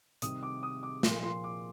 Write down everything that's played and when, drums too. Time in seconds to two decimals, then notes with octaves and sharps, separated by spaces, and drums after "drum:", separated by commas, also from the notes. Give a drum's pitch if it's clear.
0.22 C3 D#3 G3 D#6, drum: hi-hat
0.43 D6
0.63 D#6
0.83 D6
1.03 A#2 F3 A#3 C6, drum: snare
1.23 C6
1.44 D6